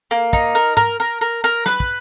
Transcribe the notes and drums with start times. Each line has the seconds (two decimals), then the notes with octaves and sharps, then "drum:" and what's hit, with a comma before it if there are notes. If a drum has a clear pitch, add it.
0.11 A#3
0.33 D#4, drum: kick
0.55 A#4
0.77 A#4, drum: tom
1.00 A#4
1.21 A#4
1.44 A#4
1.66 B4, drum: snare
1.80 drum: kick